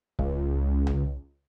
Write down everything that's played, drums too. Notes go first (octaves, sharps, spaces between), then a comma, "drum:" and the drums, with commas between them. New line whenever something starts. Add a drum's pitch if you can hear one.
C#2, drum: kick C#1
drum: tom C2